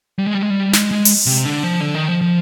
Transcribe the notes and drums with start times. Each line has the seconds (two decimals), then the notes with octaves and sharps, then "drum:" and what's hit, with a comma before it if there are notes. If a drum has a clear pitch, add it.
0.19 G3
0.27 G#3
0.35 G3
0.42 G#3
0.50 G3
0.73 G#3, drum: snare
0.91 G#3
1.05 drum: open hi-hat
1.26 C3
1.45 D3
1.63 F3
1.80 D3
1.95 D#3
2.08 F3
2.22 F3